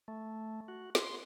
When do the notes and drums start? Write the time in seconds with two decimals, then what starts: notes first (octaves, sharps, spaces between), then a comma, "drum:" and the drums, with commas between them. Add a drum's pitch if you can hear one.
0.08 A3
0.68 F#4
0.95 C6, drum: snare